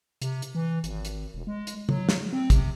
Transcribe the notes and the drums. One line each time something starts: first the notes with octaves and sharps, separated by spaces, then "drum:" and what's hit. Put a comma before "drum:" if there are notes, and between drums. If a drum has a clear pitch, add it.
C3, drum: hi-hat
drum: hi-hat
E3
G#1, drum: hi-hat
drum: hi-hat
E1
G#3
drum: hi-hat
F#3, drum: tom C#3
drum: snare
C4
C3, drum: kick, hi-hat